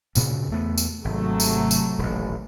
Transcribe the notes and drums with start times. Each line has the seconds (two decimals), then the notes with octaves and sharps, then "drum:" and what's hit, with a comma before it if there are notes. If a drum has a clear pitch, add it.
0.15 D2 A#2 C#3, drum: tambourine
0.50 E2 A3 B3
0.78 drum: tambourine
1.05 G#1 C3 F#3 A3
1.40 drum: tambourine
1.71 drum: tambourine
1.99 D#1 A1